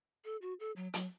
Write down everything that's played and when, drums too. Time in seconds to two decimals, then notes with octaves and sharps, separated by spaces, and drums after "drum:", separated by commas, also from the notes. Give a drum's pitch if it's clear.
0.25 A4
0.42 F#4
0.60 A4
0.76 F#3
0.94 F#3, drum: hi-hat